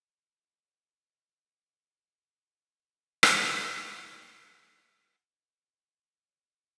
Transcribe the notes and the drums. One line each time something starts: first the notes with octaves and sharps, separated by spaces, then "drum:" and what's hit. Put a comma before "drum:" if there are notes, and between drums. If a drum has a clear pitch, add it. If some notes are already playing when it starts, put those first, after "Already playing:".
A#2
C#3
C3
A#2
G#2
G#2
F#2
F#2
A#2
C3
drum: rim click
G#3
A#3
C4
D#3
C3
C#3
G#2
A#2
C3
C#3